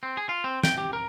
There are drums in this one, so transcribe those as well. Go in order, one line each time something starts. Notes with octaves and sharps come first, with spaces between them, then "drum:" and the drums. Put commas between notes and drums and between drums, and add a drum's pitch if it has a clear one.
C4
G#4
F4
C4
G5, drum: snare
G4
A#4